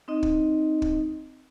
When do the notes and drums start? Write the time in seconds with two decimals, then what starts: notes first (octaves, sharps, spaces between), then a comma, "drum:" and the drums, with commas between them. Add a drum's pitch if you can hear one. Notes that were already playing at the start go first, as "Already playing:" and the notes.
0.08 C4 D#4 D#5
0.23 drum: kick
0.82 drum: kick